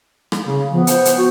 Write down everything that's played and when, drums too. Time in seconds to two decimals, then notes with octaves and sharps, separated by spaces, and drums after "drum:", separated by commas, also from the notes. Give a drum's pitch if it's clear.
0.32 drum: rim click
0.45 C#3
0.72 F3 B3
0.87 C5, drum: hi-hat
1.05 drum: hi-hat
1.18 F#4